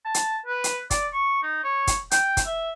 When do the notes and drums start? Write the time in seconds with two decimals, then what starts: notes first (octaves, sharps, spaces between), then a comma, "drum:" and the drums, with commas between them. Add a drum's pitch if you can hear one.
0.05 A5
0.14 drum: hi-hat
0.46 B4
0.64 drum: hi-hat
0.90 D5, drum: kick, hi-hat
1.13 C#6
1.43 D#4
1.64 C#5
1.87 drum: kick, hi-hat
2.11 G5, drum: hi-hat
2.37 drum: kick, hi-hat
2.47 E5